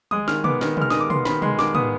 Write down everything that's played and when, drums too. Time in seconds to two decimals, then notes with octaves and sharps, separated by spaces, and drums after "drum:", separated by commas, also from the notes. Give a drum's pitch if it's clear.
0.11 G#3 D#6, drum: tom
0.28 D#3 F6, drum: snare
0.44 B3 D6, drum: tom
0.61 D#3, drum: snare
0.77 G#3 F6, drum: tom
0.90 D#3 D#6, drum: snare
1.00 D6
1.10 B3 C6, drum: tom
1.25 D#3 B5, drum: snare
1.42 G#3 C6, drum: tom
1.59 D#3 D6, drum: snare
1.75 B3 D#6, drum: tom